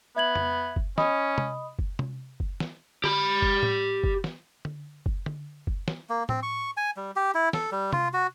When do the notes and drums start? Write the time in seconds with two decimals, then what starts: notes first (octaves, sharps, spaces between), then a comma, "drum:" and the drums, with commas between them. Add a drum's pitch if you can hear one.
0.16 B3 E5 G#6 F#7
0.35 drum: tom F2
0.76 drum: kick F#1
0.98 C#4 D#5 B5 D#6, drum: snare
1.38 drum: tom C3
1.79 drum: kick F#1
1.99 drum: tom C3
2.40 drum: kick F#1
2.60 drum: snare
3.04 G4 B5, drum: tom D3
3.42 drum: kick F#1
3.63 drum: tom A2
4.04 drum: kick F#1
4.24 drum: snare
4.65 drum: tom D3
5.06 drum: kick F#1
5.26 drum: tom D3
5.67 drum: kick F#1
5.88 drum: snare
6.09 A#3
6.29 C4, drum: tom A2
6.43 C#6
6.77 G#5
6.97 G3
7.16 G4
7.34 E4
7.53 A4, drum: snare
7.72 G3
7.93 F4, drum: tom C3
8.13 F#4